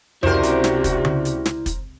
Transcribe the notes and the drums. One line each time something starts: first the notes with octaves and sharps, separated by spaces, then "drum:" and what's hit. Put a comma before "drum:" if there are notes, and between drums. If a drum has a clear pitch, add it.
C#2 C3 E4 F#4 G4 A#4 C5 D5, drum: tom F2
drum: hi-hat
drum: snare
drum: kick, hi-hat
drum: tom C#3
drum: hi-hat
drum: snare
drum: kick, hi-hat